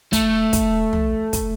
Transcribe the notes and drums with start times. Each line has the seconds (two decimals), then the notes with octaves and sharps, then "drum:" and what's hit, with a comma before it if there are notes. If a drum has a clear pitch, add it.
0.13 A3, drum: kick, hi-hat
0.53 drum: kick, hi-hat
0.93 drum: tom
1.33 drum: kick, hi-hat